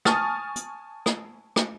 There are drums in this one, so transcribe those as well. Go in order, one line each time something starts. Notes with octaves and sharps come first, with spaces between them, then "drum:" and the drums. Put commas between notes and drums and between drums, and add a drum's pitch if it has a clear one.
G#5 A5 C#6 D#6 F6 A6, drum: rim click
drum: hi-hat
drum: rim click
drum: rim click